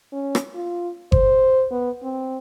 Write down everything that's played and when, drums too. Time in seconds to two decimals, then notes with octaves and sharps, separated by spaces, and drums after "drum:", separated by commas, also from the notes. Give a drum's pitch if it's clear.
0.12 C#4
0.35 drum: rim click
0.54 F4
1.12 C5, drum: kick G1
1.71 B3
2.03 C4